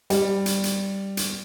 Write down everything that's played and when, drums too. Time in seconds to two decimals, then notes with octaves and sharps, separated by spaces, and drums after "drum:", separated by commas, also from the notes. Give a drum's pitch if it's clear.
0.10 G3, drum: hi-hat
0.46 drum: hi-hat
0.64 drum: hi-hat
1.17 drum: hi-hat